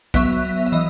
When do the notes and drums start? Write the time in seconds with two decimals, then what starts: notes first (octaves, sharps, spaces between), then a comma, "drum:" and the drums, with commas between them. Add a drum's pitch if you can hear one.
0.14 F#3 B3 E5, drum: kick
0.66 E5
0.72 E3 D#5